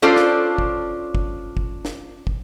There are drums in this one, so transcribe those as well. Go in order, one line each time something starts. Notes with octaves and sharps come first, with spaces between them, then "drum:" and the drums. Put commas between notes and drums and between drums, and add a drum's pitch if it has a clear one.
C#4 D4 F4 A4 C5 D5
drum: snare
drum: kick
drum: kick
drum: kick
drum: snare
drum: kick